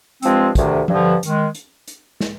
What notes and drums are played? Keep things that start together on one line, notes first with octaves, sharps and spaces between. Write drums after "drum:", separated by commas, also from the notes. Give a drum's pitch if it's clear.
G2 F3 G#3 C4, drum: hi-hat
D2 C3 D#3, drum: kick, hi-hat
G2 D3 F3, drum: tom F3
D#3 G#3, drum: hi-hat
drum: hi-hat
drum: hi-hat
drum: snare